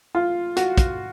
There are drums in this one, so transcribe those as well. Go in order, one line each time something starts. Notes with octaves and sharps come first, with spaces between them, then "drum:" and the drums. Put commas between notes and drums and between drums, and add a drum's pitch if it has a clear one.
F4
F#4, drum: hi-hat
drum: kick, hi-hat